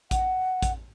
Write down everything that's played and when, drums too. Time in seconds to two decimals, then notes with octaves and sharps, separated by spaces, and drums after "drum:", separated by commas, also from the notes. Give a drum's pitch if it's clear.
0.11 F#5, drum: kick A1, hi-hat
0.63 drum: kick A1, hi-hat